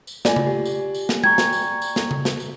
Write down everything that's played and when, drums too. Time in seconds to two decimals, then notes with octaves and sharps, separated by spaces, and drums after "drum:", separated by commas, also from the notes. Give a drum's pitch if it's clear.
0.07 drum: tambourine
0.25 A3 F4 D5 G#5, drum: snare
0.36 drum: tom C#3
0.47 G4
0.65 drum: tambourine
0.95 drum: tambourine
1.09 drum: snare
1.24 G5 A#5 C#6 G#6, drum: tom G#3
1.38 drum: snare
1.53 drum: tambourine
1.82 drum: tambourine
1.96 drum: snare
2.11 drum: tom C#3
2.25 drum: snare
2.40 drum: tambourine